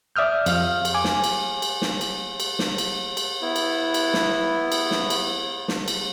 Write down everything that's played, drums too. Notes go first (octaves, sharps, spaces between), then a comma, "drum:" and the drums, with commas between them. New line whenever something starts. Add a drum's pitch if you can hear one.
D5 E5 D#6 F6 G6
F2 F5 F6, drum: cymbal
drum: cymbal
G#5 D6
drum: snare
drum: cymbal
drum: cymbal
drum: snare
drum: cymbal
drum: cymbal
drum: snare
drum: cymbal
drum: cymbal
B3 E4
drum: cymbal
drum: cymbal
drum: snare
drum: cymbal
drum: snare
drum: cymbal
drum: snare
drum: cymbal